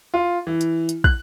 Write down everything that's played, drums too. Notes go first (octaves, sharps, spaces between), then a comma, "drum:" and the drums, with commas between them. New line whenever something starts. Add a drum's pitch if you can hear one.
F4
E3
drum: hi-hat
drum: hi-hat
F#6, drum: kick